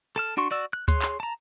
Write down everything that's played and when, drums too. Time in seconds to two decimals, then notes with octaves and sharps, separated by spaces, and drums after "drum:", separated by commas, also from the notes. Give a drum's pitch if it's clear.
0.16 A4 A5 F6
0.37 D4 F#4 C6 C#6
0.51 F#4 D5 E6
0.73 F#6
0.88 G#4 C#5 C6 F#6, drum: kick D2, hi-hat
1.02 drum: clap
1.20 A5 A#5